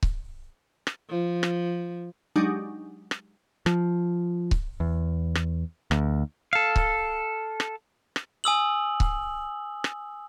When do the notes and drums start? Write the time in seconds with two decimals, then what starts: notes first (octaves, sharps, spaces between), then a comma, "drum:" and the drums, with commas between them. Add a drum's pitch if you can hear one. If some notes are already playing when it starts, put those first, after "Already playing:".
0.03 drum: kick C#1
0.87 drum: rim click
1.09 F3
1.43 drum: rim click
2.36 F#3 G#3 D4 D#4 G4
3.11 drum: rim click
3.66 F3, drum: rim click
4.51 drum: kick C#1
4.80 E2
5.35 drum: rim click
5.91 D2, drum: rim click
6.53 A4 F5
6.76 drum: kick C#1
7.60 drum: rim click
8.16 drum: rim click
8.44 G#5 D#6 E6 F#7
9.00 drum: kick C#1
9.84 drum: rim click